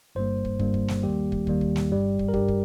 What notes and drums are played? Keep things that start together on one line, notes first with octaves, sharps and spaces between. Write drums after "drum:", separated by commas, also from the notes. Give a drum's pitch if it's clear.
G1 G2 G3 A#3 C5
drum: kick
G1 G2 G3 A#3, drum: kick
drum: kick
drum: snare
D#2 D#3 G3 A#3 G4
drum: kick
D#2 D#3 G3 A#3, drum: kick
drum: kick
drum: snare
G1 G2 G3
drum: kick
A#4
G1 G2 G3 G4, drum: kick
drum: kick